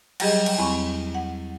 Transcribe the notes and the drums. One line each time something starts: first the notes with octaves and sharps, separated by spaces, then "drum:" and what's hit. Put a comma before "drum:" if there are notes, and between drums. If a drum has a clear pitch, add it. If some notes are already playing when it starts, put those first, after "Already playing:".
F#3 G3 G4 G#4 D#5, drum: cymbal
drum: cymbal
E2 C4 B5 C#6
F#5